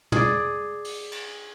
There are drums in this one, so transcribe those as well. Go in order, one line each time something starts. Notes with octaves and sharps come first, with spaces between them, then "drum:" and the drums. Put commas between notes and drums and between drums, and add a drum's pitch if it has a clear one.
G#4 D5, drum: tom
drum: open hi-hat
drum: cymbal